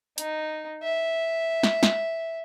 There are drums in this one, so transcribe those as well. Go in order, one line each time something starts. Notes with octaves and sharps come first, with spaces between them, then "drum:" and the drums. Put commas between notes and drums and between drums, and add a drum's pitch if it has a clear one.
D#4, drum: hi-hat
E5
drum: snare
drum: snare